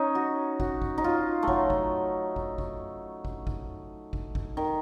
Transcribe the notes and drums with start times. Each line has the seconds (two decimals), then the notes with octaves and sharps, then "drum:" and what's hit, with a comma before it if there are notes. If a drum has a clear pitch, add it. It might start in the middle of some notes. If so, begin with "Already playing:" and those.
Already playing: C#4 D#4
0.15 F#4
0.60 F#4, drum: kick
0.82 drum: kick
0.98 D#4
1.04 F4
1.43 A3
1.48 F#3, drum: kick
1.70 drum: kick
2.36 drum: kick
2.58 drum: kick
3.25 drum: kick
3.47 drum: kick
4.13 drum: kick
4.35 drum: kick
4.57 D#3